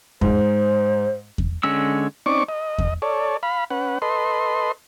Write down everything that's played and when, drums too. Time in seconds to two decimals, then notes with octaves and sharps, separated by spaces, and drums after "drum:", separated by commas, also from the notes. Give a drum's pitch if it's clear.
0.21 G#2 C5, drum: kick E2
1.38 drum: kick E2
1.63 D3 G#3 C#4 E6
2.26 C4 C#4 D#4 D5 C#6 D6
2.49 D#5
2.78 drum: kick E2
3.02 A4 C#5 D5
3.43 F5 B5
3.70 C#4 B4 F#5
4.02 A4 B4 D#5 C6